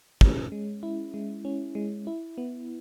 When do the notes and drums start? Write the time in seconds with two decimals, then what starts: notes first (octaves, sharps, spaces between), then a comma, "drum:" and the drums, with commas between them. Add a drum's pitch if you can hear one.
0.21 C#4, drum: kick
0.52 G#3
0.83 E4
1.14 G#3
1.45 C#4
1.75 G#3
2.07 E4
2.38 B3